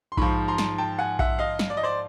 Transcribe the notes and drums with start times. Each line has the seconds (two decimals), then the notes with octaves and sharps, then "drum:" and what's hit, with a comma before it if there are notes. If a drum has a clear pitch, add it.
0.12 C6
0.17 G#2 F3 B5 C#6, drum: kick A#1
0.48 A#5 C6
0.58 drum: snare
0.78 G5 A5
0.99 F#5 G#5
1.19 E5 F#5, drum: kick A#1
1.39 D#5 F5
1.59 drum: snare
1.70 D5
1.77 D#5
1.83 C5 D5